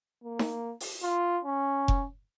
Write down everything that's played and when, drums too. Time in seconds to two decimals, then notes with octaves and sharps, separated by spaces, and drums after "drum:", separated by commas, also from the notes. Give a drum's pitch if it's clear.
0.24 A#3
0.39 drum: snare D#4
0.80 drum: open hi-hat
1.03 F4
1.44 C#4
1.88 drum: kick F1